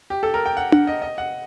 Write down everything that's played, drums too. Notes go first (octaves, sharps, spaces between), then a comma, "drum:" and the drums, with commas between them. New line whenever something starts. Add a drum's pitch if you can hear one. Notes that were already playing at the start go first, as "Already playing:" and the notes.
G4
A4
A#4
G5
F#5
F#5, drum: tom D4
D#5
D#5
F#5